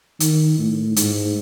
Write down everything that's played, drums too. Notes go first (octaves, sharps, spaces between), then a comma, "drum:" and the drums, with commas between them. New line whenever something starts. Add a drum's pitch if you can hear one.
D#3, drum: hi-hat
A2
G#2, drum: hi-hat